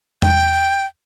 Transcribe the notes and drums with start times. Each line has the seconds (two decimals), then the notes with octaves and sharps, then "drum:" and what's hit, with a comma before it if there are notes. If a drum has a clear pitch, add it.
0.22 G5, drum: tom E2